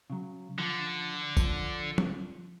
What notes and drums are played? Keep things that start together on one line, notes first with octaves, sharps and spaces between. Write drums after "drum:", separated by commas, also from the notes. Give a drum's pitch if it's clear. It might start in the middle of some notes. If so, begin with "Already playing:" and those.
C#3 F#3
D3 F3
F3, drum: kick G1, tambourine
drum: tom F3